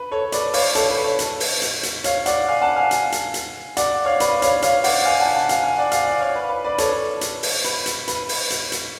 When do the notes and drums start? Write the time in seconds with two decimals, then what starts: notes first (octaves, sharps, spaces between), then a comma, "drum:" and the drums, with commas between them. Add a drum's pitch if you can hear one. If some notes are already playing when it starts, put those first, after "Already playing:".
Already playing: B4
0.11 A4 C#5
0.32 B4 D5, drum: hi-hat
0.53 C#5 F5, drum: open hi-hat
0.75 A4 C#5, drum: hi-hat
0.90 B4
1.04 A4 C#5
1.19 drum: hi-hat
1.40 drum: open hi-hat
1.62 drum: hi-hat
1.83 drum: hi-hat
2.04 C#5 F5, drum: hi-hat
2.26 D5 F#5, drum: hi-hat
2.48 F5 G#5
2.62 F#5 A5
2.76 F5 G#5
2.91 drum: hi-hat
3.12 drum: hi-hat
3.34 drum: hi-hat
3.77 D5 F#5, drum: hi-hat
4.05 C#5 F5
4.20 B4 D5, drum: hi-hat
4.42 C#5 F5, drum: hi-hat
4.62 C#5 F5, drum: hi-hat
4.84 D5 F#5, drum: open hi-hat
5.05 F5 G#5
5.20 F#5 A5
5.35 F#5 A5
5.49 F5 G#5, drum: hi-hat
5.64 F5 G#5
5.77 D5 F#5
5.92 F5 G#5, drum: hi-hat
6.06 D5 F#5
6.21 C#5 F5
6.35 B4
6.49 B4
6.64 B4 D5
6.78 A4 C#5, drum: hi-hat
7.21 drum: hi-hat
7.43 drum: open hi-hat
7.64 B4, drum: hi-hat
7.86 drum: hi-hat
8.08 B4, drum: hi-hat
8.29 drum: open hi-hat
8.50 drum: hi-hat
8.72 drum: hi-hat